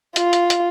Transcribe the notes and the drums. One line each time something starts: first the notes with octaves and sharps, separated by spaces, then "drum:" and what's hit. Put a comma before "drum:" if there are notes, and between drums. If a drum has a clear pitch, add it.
F4, drum: hi-hat
drum: hi-hat
drum: hi-hat